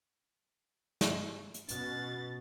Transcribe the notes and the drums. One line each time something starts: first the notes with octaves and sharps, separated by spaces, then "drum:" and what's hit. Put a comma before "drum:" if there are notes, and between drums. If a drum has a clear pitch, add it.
drum: snare
drum: hi-hat
B2 C#4 A6, drum: hi-hat